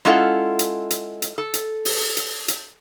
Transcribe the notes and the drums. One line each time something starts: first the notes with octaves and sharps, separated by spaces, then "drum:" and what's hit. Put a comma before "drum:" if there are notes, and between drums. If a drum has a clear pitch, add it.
G#3 C#4 E4 F4 A4 F#5
drum: hi-hat
drum: hi-hat
drum: hi-hat
A4
drum: hi-hat
drum: open hi-hat
drum: hi-hat
drum: hi-hat